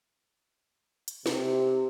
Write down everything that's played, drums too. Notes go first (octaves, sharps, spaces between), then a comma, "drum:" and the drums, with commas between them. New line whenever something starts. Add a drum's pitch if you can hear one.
drum: hi-hat
C3, drum: snare